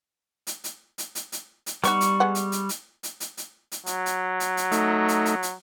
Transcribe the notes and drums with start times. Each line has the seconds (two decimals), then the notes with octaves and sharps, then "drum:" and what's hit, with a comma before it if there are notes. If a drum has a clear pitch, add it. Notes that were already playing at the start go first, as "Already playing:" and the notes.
0.47 drum: hi-hat
0.64 drum: hi-hat
0.98 drum: hi-hat
1.15 drum: hi-hat
1.32 drum: hi-hat
1.66 drum: hi-hat
1.84 G3 B3 D#4 F#4 C#6, drum: hi-hat
2.01 drum: hi-hat
2.20 G#3 B3 F#5
2.35 drum: hi-hat
2.52 drum: hi-hat
2.69 drum: hi-hat
3.03 drum: hi-hat
3.20 drum: hi-hat
3.37 drum: hi-hat
3.72 drum: hi-hat
3.86 F#3, drum: hi-hat
4.06 drum: hi-hat
4.40 drum: hi-hat
4.57 drum: hi-hat
4.72 A3 D#4, drum: hi-hat
5.08 drum: hi-hat
5.26 drum: hi-hat
5.43 drum: hi-hat